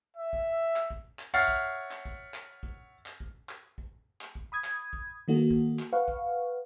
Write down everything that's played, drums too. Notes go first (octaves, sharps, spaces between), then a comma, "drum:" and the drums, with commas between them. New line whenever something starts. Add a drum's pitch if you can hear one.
E5
drum: kick
drum: clap
drum: kick
drum: clap
C#5 E5 F#5 F6 A6 C7
drum: kick
drum: clap
drum: kick
drum: clap
drum: kick
drum: clap
drum: kick
drum: clap
drum: kick
drum: clap
drum: kick
B5 D#6 G#6
drum: clap
drum: kick
D#3 A#3 F#4 A4
drum: kick
drum: clap
B4 F5 F#5 C#6
drum: kick